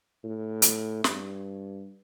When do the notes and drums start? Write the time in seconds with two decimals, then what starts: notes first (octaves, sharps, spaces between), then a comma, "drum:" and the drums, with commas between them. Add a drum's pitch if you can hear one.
0.24 A2
0.62 drum: hi-hat
1.04 G2, drum: snare